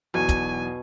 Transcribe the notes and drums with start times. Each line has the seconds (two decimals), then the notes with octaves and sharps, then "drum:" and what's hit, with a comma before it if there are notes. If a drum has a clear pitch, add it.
0.14 B1 E2 B2 F#3 G#5 C#6
0.29 drum: kick, hi-hat